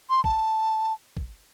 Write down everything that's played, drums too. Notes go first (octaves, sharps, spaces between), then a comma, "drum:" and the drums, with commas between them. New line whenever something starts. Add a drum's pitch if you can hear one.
C6
A5, drum: kick
drum: kick